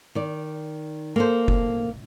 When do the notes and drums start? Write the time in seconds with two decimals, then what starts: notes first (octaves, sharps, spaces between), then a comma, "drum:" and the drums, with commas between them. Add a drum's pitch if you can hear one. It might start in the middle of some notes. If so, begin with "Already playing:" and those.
0.15 D#3 D5
1.16 A#3 A4 C5
1.48 drum: kick F#1